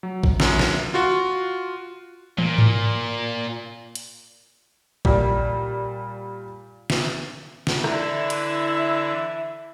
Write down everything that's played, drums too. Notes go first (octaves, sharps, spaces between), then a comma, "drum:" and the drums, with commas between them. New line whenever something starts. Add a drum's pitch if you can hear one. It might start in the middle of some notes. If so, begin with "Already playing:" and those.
F#3
drum: kick A1
F#2, drum: snare
drum: snare
F4 F#4
A#2, drum: tom
drum: tom G#2
drum: hi-hat
A#2 G3, drum: kick A1
drum: snare
drum: snare
D3 E3 E4 E5, drum: rim click
drum: hi-hat